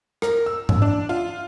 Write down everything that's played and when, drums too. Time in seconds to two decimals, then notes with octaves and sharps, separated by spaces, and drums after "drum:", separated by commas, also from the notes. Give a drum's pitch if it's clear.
0.22 A#4, drum: rim click
0.46 E6
0.69 drum: tom G#2
0.82 D4
1.09 F4